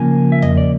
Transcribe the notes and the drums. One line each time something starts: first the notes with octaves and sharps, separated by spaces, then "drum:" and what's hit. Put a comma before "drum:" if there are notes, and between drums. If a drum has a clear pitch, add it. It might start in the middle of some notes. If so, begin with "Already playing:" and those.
Already playing: C#3 F3 A#3 G#5
E5
D#5, drum: tom E2
D5